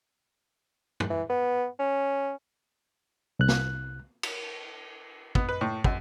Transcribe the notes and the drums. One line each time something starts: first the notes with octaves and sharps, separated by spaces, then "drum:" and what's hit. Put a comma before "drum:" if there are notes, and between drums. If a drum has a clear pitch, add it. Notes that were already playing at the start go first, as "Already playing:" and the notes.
drum: tom
E3
B3
C#4
C2 F#6
drum: snare
drum: cymbal
B3, drum: kick
B4
A2
F#2, drum: kick